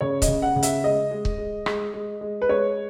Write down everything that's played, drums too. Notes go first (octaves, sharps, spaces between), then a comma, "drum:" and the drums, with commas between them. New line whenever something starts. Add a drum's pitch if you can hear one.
C#3 C#5
D#5, drum: kick C#1, hi-hat
C#3
F#5
C#3
E5, drum: hi-hat
G#3 D#5
G#3
drum: kick C#1
G#3
G#3, drum: rim click
G#3
G#3
B4
G#3 C#5